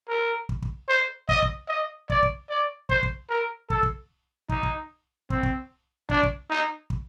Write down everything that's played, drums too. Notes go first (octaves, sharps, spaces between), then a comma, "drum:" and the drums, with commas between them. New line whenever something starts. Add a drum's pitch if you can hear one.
A#4
drum: kick
drum: kick
C5
D#5, drum: kick
drum: kick
D#5
D5, drum: kick
drum: kick
D5
C5, drum: kick
drum: kick
A#4
A4, drum: kick
drum: kick
D#4, drum: kick
drum: kick
C4, drum: kick
drum: kick
D4, drum: kick
drum: kick
D#4
drum: kick